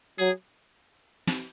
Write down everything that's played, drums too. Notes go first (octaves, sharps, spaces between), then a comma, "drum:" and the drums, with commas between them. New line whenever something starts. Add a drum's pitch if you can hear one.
F#3 G#4
drum: snare